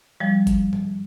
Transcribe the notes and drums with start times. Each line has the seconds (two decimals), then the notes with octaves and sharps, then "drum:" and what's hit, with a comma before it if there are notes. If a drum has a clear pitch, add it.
0.20 F3 G3
0.47 drum: kick F#1, hi-hat
0.73 drum: tom G2